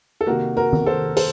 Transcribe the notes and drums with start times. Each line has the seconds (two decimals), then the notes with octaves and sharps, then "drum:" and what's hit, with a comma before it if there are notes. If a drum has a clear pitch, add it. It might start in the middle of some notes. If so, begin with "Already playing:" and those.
0.21 A4
0.27 C3 D#3 A#3 F#4 A#4
0.56 F#4 A#4
0.73 drum: tom
0.86 A4 C5
1.17 A4 C5, drum: open hi-hat